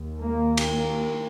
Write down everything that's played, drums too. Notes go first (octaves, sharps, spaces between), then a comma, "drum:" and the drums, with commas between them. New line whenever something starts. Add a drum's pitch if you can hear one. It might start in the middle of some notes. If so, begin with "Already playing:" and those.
Already playing: D#2
A#3
drum: cymbal
A#3